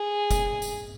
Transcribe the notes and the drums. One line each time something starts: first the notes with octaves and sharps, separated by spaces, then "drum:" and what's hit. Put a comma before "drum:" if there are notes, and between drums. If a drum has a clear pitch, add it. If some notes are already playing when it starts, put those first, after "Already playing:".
Already playing: G#4
drum: kick, tambourine
drum: tambourine